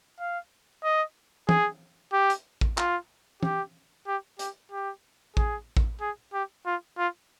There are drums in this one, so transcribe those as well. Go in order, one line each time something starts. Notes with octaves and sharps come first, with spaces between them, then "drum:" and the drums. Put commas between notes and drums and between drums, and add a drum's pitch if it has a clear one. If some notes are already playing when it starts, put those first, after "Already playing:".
F5
D#5
G#4, drum: tom
G4
drum: hi-hat
drum: kick A1
F4, drum: clap
G4, drum: tom
G4
G4, drum: hi-hat
G4
G#4, drum: kick A1
drum: kick A1
G#4
G4
F4
F4